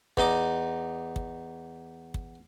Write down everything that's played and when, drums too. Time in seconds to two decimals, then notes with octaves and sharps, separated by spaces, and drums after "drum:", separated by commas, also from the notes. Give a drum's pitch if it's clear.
0.17 E2 D#4 D#5 D6, drum: kick
1.16 drum: kick
2.14 drum: kick